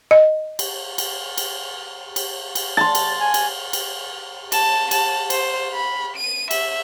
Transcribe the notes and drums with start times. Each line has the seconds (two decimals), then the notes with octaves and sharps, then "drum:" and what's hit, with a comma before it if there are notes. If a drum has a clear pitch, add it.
0.11 D#5
0.59 drum: cymbal
0.98 drum: cymbal
1.38 drum: cymbal
2.16 drum: cymbal
2.55 drum: cymbal
2.77 A5 C6
2.95 drum: cymbal
3.20 G#5
3.34 drum: cymbal
3.73 drum: cymbal
4.52 A5, drum: cymbal
4.91 A5, drum: cymbal
5.30 C5, drum: cymbal
5.73 B5
6.16 D#7
6.51 E5, drum: cymbal